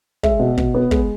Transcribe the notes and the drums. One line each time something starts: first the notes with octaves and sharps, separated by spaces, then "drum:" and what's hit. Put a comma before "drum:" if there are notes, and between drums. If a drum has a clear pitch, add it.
G#3 E5, drum: kick
B2
B2, drum: kick
B3
G#3, drum: kick